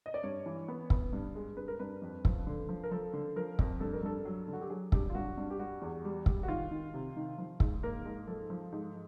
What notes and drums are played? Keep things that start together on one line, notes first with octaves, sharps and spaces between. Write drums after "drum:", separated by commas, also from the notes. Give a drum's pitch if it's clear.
D#5
D5
G2 C#5
E3
B3
B3, drum: kick
G2
G#3
G2 B4
A#4
G2 B4
F2
F3, drum: kick
D3
F3
A#4
F3 A4
D3
F3 A#4
F2, drum: kick
G2 A4
A#4
G2 A4
F#3
D3
F#4
G4
F#3 G#4
G2 G4, drum: kick
F4
G2 F#4
G2
G4
G3 F#4
E2
G3
G3, drum: kick
F#4
D#3 F4
D#3
C3
D#3
F3
G#2, drum: kick
A#3 A#4
G#2
F3 A4
F3
G#2